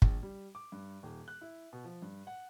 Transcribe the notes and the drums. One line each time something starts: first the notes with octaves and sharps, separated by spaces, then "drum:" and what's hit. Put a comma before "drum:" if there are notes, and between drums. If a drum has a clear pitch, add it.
A#1, drum: kick
G3
D6
G2
D#1
F#6
E4
B2
F3
G2
F#5